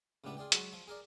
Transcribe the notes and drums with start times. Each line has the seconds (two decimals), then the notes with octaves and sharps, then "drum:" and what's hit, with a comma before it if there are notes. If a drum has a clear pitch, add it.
0.24 C#2 A2 G3 B3 D4 E5
0.37 F4 G#4 D5 G5
0.52 F#3 G#3 F#4 C5, drum: hi-hat
0.73 F3
0.88 G#4 A#4 D5